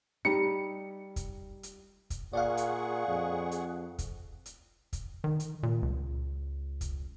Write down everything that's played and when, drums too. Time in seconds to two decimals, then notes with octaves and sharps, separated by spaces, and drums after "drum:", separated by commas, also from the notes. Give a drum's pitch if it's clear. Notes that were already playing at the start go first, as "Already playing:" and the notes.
0.25 G3 D#4 C#7
1.16 drum: kick, hi-hat
1.63 drum: hi-hat
2.10 drum: kick, hi-hat
2.33 A#2 G#4 D5 F5 F#5 C#6
2.57 drum: hi-hat
3.08 F2
3.51 drum: hi-hat
3.99 drum: kick, hi-hat
4.46 drum: hi-hat
4.93 drum: kick, hi-hat
5.24 D#3
5.40 drum: hi-hat
5.63 A#2
5.82 C#2
6.81 drum: kick, hi-hat